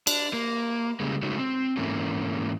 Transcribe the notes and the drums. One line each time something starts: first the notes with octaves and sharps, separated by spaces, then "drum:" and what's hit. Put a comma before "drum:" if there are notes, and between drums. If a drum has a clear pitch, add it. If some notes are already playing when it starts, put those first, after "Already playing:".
D4, drum: cymbal
A#3
C#3 G3 G#3 A#3
C#3 G#3 A3 C#4 D#4 F#4
C4
G#2 E3 A3 A#3 C#4